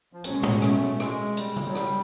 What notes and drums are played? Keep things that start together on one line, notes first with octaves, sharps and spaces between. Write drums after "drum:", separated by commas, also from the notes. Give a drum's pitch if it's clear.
F3
B2 F#3 G#3 C#4, drum: hi-hat
drum: tom A2
A3, drum: rim click
G#3, drum: rim click
G3, drum: hi-hat
drum: tom
F#3
G3, drum: rim click